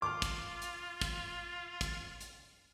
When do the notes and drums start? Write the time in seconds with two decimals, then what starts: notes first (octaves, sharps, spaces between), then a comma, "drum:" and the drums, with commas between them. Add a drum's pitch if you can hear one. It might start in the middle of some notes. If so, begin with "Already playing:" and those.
0.02 F4 D6 F6
0.22 drum: kick, hi-hat
0.62 drum: hi-hat
1.01 drum: kick, hi-hat
1.81 drum: kick, hi-hat
2.21 drum: hi-hat